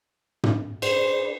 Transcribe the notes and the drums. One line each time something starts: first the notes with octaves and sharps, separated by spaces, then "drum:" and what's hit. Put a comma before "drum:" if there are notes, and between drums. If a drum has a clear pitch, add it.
drum: tom
G#4 B4 C5 D5, drum: cymbal